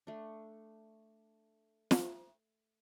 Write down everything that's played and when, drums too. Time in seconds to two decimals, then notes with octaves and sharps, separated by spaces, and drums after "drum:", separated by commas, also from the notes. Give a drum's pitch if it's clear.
0.07 A3 D4
1.91 drum: snare